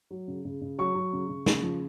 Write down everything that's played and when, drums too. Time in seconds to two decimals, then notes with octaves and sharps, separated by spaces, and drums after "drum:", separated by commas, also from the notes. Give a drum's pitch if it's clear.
0.11 F#3
0.28 C#3
0.45 C#3
0.61 C#3
0.78 F#3 C#6
0.95 F#3
1.13 C#3
1.29 C#3
1.46 C#3, drum: snare
1.63 F3